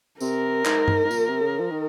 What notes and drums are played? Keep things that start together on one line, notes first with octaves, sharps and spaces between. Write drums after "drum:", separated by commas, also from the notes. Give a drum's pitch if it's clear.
C3 A#4, drum: tambourine
G#2, drum: clap
drum: tom G2
G#2
A#2, drum: tambourine
C3
C#3
F3
D#3